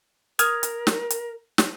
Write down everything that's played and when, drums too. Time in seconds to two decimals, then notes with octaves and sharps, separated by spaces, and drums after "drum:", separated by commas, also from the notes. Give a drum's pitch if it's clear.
0.39 A#4 D#6 F6 G#6, drum: hi-hat
0.63 drum: hi-hat
0.87 drum: snare
1.10 drum: hi-hat
1.58 drum: snare